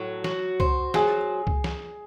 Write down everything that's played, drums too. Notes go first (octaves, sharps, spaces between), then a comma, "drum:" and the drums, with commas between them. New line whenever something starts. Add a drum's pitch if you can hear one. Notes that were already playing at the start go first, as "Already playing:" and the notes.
Already playing: A2 F#3
F#4, drum: snare
C5, drum: kick
F#3 G#4, drum: snare
drum: kick
drum: snare